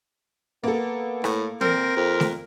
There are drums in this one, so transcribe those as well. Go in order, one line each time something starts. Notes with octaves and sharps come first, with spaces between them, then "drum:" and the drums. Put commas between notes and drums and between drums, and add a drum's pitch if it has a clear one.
A#3 B3 A4
A2, drum: rim click
A#2 C4 A#4, drum: tom
F2 C4
drum: snare A3